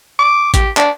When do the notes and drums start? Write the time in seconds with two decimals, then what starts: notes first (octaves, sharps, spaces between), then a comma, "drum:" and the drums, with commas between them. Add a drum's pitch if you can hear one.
0.19 D6
0.54 G4, drum: kick A1, hi-hat
0.77 D4, drum: clap